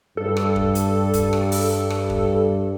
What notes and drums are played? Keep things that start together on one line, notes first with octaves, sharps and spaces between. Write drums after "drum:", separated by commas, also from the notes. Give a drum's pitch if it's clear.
G2 A4
drum: rim click
drum: kick
drum: hi-hat
drum: kick, hi-hat
drum: rim click
drum: open hi-hat
drum: rim click
drum: kick